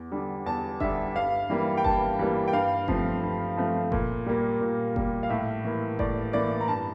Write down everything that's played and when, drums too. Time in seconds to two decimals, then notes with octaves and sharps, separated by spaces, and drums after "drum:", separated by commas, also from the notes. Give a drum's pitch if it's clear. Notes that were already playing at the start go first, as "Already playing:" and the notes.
Already playing: E2
0.12 D3 G3
0.46 E2 A5
0.80 D3 G3 E5, drum: kick F#1
1.15 G2 F5
1.50 E3 G3 A#3
1.77 G5
1.84 G2 A5, drum: kick F#1
2.19 E3 G3 A#3
2.48 G5
2.53 G2 F5
2.88 F3 A3 C4, drum: kick F#1
3.23 G2
3.57 F3 A3 C4
3.92 A#2, drum: kick F#1
4.26 G3 A#3
4.61 A#2
4.96 G3 A#3, drum: kick F#1
5.23 F5
5.30 A2 E5
5.64 E3 A#3
5.99 A2 D5, drum: kick F#1
6.33 E3 A#3 D5
6.61 A#5
6.68 G2 A5